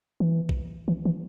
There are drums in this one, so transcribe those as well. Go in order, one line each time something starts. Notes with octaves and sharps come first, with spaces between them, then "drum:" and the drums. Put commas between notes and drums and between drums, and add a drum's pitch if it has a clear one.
E3
drum: kick A#1
E3
E3